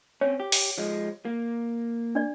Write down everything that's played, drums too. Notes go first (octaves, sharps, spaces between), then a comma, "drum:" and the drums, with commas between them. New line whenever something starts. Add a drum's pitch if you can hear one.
C4 C#4 C#5
G4
drum: open hi-hat
F3 G#3
A#3
D4 D5